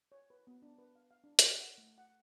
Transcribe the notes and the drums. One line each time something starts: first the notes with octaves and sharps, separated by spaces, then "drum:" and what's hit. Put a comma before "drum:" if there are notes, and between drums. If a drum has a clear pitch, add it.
C#5
B4
B3
D4
B4
F5
F5
D4
F#5, drum: hi-hat
F#5
A3
F#5